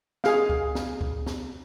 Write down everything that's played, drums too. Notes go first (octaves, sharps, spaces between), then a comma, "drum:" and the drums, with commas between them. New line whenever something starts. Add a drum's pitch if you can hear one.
G#4 F5, drum: snare
drum: kick C#2
drum: snare
drum: kick C#2
drum: snare